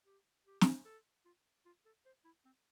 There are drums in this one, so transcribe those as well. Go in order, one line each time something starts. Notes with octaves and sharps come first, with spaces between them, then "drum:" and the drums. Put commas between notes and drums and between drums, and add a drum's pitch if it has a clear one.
G4
G4
drum: snare
A4
F4
F4
A4
C5
E4
C4